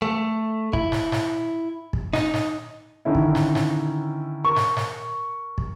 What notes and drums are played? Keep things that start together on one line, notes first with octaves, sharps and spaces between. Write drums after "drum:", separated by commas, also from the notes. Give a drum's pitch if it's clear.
A3
E4, drum: kick
drum: snare
drum: snare
drum: kick
D#4, drum: snare
drum: snare
D3 D#3 C#4 E4
drum: kick
drum: snare
drum: snare
A#4 C#6
drum: snare
drum: snare
drum: kick